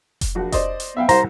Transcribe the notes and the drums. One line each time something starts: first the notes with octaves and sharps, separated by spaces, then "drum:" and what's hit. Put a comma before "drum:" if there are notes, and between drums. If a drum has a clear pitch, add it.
drum: kick F1, hi-hat
A#1 F#4
C5 D5 D#5, drum: kick F1, hi-hat
drum: hi-hat
B3 E5 F5 G5
C2 C5 A#5, drum: hi-hat